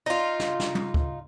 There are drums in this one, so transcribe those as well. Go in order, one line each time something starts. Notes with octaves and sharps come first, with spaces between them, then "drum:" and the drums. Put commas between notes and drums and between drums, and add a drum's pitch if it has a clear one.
D#4 F4
drum: snare
drum: snare
drum: tom
drum: kick